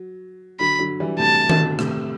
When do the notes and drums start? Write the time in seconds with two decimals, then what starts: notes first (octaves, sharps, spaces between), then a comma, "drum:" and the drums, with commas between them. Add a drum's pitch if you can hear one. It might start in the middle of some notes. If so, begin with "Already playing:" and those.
Already playing: F#3
0.60 D3 F#3 B5
0.79 D3 F#3
1.00 E3 G3
1.19 A2 C3 A5
1.49 B2 D3, drum: tom D#3
1.79 A2 C3, drum: rim click